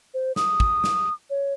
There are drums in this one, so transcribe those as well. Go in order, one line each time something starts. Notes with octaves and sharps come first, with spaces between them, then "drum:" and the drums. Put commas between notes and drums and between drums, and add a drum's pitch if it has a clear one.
C5
D#6, drum: snare
drum: kick
drum: snare
C#5